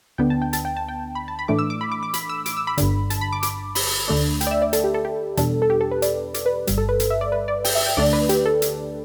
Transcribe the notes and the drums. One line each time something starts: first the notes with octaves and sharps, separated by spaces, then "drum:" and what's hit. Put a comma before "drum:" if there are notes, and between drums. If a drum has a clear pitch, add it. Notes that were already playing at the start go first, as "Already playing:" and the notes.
D2 D3 B3 D4 G5
A5
G5
A5, drum: hi-hat
G5
A5
G5
B5
A5
B5
A2 E3 A3 D4 D6
E6
D6
B5
D6
D6
B5, drum: hi-hat
E6
D6, drum: hi-hat
E6
B5
G1 G2 D3, drum: hi-hat
A5, drum: hi-hat
B5
D6
D6, drum: hi-hat
B5, drum: open hi-hat
D2 D3 A3 D4
G5, drum: hi-hat
D5
E5
D5
A4, drum: hi-hat
G4
A4
G4
E2 B2 G3 D4 A4, drum: hi-hat
A4
G4
A4
B4
D5, drum: hi-hat
D5, drum: hi-hat
B4
G1 G2 G3, drum: hi-hat
A4
B4
drum: hi-hat
E5
D5
B4
D5
G5, drum: open hi-hat
E5
G5
D2 D3 A3 D4 D5
B4
G4, drum: hi-hat
A4
drum: hi-hat